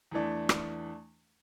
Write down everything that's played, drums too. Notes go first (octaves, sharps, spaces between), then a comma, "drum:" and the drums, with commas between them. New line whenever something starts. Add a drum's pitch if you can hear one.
E2 E3 A3 D4
drum: rim click